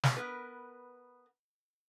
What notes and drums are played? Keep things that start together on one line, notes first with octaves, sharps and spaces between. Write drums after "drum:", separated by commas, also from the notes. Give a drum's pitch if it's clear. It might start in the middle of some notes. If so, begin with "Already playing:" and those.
drum: snare
B3 A#4 B4